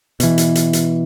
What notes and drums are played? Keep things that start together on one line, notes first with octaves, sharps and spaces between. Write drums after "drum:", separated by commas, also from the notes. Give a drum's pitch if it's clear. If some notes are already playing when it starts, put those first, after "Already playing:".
B2 E3, drum: hi-hat
drum: hi-hat
drum: hi-hat
drum: hi-hat